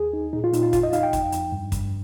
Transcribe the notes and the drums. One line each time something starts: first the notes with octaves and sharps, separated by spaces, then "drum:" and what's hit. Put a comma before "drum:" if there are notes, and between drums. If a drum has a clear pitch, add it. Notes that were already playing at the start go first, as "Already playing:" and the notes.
Already playing: D#2 G#4
D#4
A#2 D#4
F4
A#2 D#4, drum: hi-hat
F4
F2 F4, drum: kick, hi-hat
D#5
D#4 F5, drum: hi-hat
G5
F2, drum: kick, hi-hat
F2, drum: hi-hat
G2
G2, drum: kick, hi-hat